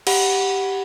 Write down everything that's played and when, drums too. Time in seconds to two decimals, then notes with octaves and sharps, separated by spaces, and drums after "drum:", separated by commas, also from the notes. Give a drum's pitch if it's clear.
0.07 G4 F#5 B5, drum: cymbal